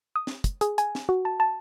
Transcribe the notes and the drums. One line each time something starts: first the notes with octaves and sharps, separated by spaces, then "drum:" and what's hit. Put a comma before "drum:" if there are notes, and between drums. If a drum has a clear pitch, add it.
D#6
drum: snare
drum: kick, hi-hat
G#4, drum: hi-hat
G#5, drum: hi-hat
drum: snare
F#4
A5
A5